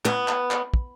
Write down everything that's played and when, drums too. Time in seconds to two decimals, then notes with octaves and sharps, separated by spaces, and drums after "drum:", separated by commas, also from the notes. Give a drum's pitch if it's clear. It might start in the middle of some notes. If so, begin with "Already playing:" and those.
0.05 B3, drum: clap
0.28 drum: clap
0.51 drum: clap
0.74 drum: kick